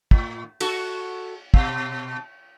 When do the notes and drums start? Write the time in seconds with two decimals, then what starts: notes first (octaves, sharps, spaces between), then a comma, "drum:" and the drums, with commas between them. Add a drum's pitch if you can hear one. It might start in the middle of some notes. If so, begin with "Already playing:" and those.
0.11 A2, drum: kick
0.60 F#4 A4, drum: cymbal
1.54 B2, drum: kick